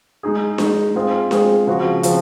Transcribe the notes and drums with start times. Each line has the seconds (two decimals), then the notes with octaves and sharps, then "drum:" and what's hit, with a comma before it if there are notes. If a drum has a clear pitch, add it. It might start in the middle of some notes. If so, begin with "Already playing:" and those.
0.23 G#3 D#4 G#4
0.58 G#3 D#4 G#4, drum: snare D4
0.95 G#3 C4 F4 G#4
1.31 G#3 C4 F4 G#4, drum: snare D4
1.67 C#3 F3 C4 F#4
2.03 C#3 F3 C4, drum: hi-hat